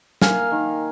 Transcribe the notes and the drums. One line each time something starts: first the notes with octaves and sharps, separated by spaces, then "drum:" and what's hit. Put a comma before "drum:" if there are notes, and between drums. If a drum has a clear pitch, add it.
A#3 F5 G#5, drum: snare
D#3